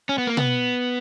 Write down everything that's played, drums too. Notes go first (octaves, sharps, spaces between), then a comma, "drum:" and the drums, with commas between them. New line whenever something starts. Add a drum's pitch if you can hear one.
C#4
B3
A#3
B3, drum: tom B2